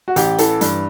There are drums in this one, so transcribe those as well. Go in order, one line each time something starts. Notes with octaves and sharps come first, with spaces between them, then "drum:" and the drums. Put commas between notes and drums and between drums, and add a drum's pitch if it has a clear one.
F#4
A1 G4, drum: hi-hat
E3 A4, drum: hi-hat
G2, drum: hi-hat